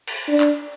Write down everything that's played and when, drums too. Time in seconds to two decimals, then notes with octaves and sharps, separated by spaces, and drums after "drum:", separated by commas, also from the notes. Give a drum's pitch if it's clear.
0.07 drum: cymbal
0.29 D4
0.40 drum: clap